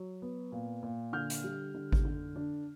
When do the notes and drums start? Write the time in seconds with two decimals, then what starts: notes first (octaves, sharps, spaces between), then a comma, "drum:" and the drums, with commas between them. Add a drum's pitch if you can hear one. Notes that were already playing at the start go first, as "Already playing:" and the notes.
Already playing: F#3
0.22 B3
0.52 A#2
0.83 A#2
1.13 D3 F6 G6
1.30 drum: hi-hat
1.44 G3
1.74 D3
1.92 drum: kick G#1
2.05 D3
2.36 D4